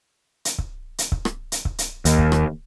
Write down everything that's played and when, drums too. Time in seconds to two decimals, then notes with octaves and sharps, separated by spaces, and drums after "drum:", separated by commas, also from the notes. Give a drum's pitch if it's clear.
0.45 drum: hi-hat
0.58 drum: kick C#1
0.98 drum: hi-hat
1.12 drum: kick C#1
1.25 drum: rim click
1.52 drum: hi-hat
1.65 drum: kick C#1
1.78 drum: hi-hat
2.05 D#2, drum: hi-hat
2.19 drum: kick C#1
2.32 drum: rim click